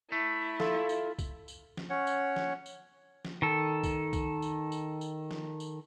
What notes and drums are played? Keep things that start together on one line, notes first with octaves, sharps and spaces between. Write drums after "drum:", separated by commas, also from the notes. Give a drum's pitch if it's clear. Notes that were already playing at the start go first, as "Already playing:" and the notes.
A3 E4
F4 A4 E5, drum: snare
drum: tambourine
drum: kick C2, tambourine
drum: tambourine
drum: snare
C#4 C#5 F#5
drum: tambourine
drum: snare
drum: tambourine
drum: snare
D#3 A4
drum: kick C2, tambourine
drum: kick C2, tambourine
drum: tambourine
drum: tambourine
drum: tambourine
drum: snare
drum: tambourine